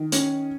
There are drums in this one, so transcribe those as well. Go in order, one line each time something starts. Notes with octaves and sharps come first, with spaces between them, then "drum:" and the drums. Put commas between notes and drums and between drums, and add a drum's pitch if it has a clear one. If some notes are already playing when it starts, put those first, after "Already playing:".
Already playing: D#3
C#4, drum: hi-hat